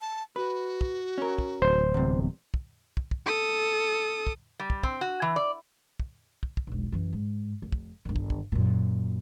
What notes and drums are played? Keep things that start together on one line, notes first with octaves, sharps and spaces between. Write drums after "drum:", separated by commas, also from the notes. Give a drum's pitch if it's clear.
A5
F#4 B4
drum: kick
C#4 A#4
drum: kick
D1 C5
E2 G2 C3
drum: kick
drum: kick
drum: kick
A4 D#6
drum: kick
G3
drum: kick
C4, drum: kick
F#4
E3
D5
drum: kick
drum: kick
drum: kick
E1 B1
F#2 E3
G#2
F1
drum: kick
G1 D#3
drum: kick
drum: kick
F#2 A#2